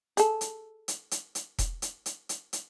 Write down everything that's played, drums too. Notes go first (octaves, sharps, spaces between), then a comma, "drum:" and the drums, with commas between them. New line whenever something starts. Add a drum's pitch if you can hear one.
G#4 A4, drum: hi-hat
drum: hi-hat
drum: hi-hat
drum: hi-hat
drum: hi-hat
drum: kick E1, hi-hat
drum: hi-hat
drum: hi-hat
drum: hi-hat
drum: hi-hat